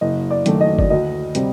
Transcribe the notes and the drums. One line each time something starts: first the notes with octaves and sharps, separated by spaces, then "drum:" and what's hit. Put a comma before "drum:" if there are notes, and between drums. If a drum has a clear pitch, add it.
F#1 D#5
D5
F#2 D#3 F#3 A3, drum: hi-hat
D#5
D5, drum: kick G1
D2 D#5
C3 G3, drum: hi-hat